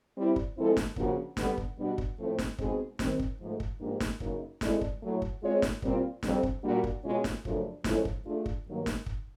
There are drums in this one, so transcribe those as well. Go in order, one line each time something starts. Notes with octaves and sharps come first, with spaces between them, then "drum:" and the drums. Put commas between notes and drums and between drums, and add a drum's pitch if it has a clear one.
G3 C4 E4
drum: kick
F3 G#3 C4 E4 A4
drum: snare
C#3 F3 A#3 D4 F#4, drum: kick
D3 G3 B3, drum: snare
drum: kick
B2 G3 B3 D4 F#4
drum: kick
A2 F3 A3 C4
drum: snare
B2 G#3 C4 D#4 G#4, drum: kick
D#3 G3 C4, drum: snare
drum: kick
G#2 F3 A3
drum: kick
G#2 F3 A#3 D4 G4
drum: snare
F#2 C#3 F#3 A#3 D#4, drum: kick
G#3 C4 E4 A4 D5, drum: snare
drum: kick
A2 F#3 A3
drum: kick
G#3 C4 F4 G#4 C#5
drum: snare
A#2 G3 C4 F4, drum: kick
F2 D3 G3 C4, drum: snare
drum: kick
A#2 G3 A#3 D4 F#4
drum: kick
B2 G#3 C#4 F4
drum: snare
F#2 C#3 F3 A3 D4, drum: kick
F3 G#3 C#4 E4 A4, drum: snare
drum: kick
A3 D4 F4 G#4
drum: kick
G2 D#3 F#3 A#3
drum: snare
drum: kick